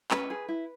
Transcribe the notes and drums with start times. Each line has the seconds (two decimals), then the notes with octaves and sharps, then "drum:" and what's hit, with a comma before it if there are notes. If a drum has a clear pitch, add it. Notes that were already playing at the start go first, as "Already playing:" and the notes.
0.11 C#4 B4, drum: clap
0.30 G#4
0.48 E4